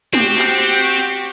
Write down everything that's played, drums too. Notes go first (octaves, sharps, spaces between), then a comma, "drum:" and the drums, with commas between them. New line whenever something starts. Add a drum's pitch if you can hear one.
C4 F#4 G4, drum: tom
drum: clap
drum: cymbal